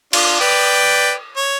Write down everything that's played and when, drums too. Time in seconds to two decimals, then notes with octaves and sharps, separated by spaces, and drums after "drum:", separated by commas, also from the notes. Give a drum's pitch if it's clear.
0.13 D4 F4, drum: cymbal
0.40 B4 D5 G5
1.37 C#5